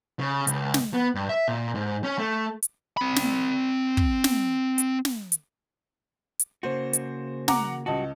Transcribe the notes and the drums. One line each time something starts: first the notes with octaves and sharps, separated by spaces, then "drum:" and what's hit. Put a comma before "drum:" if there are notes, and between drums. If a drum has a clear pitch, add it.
C#3
C#2, drum: hi-hat
drum: snare
B3
G2
E5
A#2
G#2
C#4
A3
drum: hi-hat
C4 B5
drum: snare
drum: kick
drum: snare
drum: hi-hat
drum: snare
drum: hi-hat
drum: hi-hat
C#3 A#3 F#4 C5
drum: hi-hat
F#5 A#5 D6, drum: snare
C#2 G3 F#4 D#5 A5